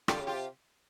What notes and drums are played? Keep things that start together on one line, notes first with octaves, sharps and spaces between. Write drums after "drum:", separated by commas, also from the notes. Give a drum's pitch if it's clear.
D3 F4 G4, drum: rim click
C#3
F4 G4
C3